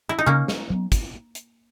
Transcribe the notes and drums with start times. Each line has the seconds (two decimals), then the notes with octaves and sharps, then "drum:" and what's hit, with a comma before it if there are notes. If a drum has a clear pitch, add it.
0.09 E4
0.19 D#4
0.26 C#3 A#3 C#4
0.48 drum: snare
0.70 F#3 B3
0.92 drum: kick, hi-hat
1.35 drum: hi-hat